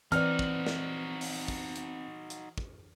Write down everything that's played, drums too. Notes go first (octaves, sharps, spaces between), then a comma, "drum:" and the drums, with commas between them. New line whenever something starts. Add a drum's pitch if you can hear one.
E3 C4 D#4 F#4 B4 D5 F6, drum: hi-hat
drum: kick
drum: snare
drum: open hi-hat
drum: kick
drum: hi-hat
drum: hi-hat
drum: kick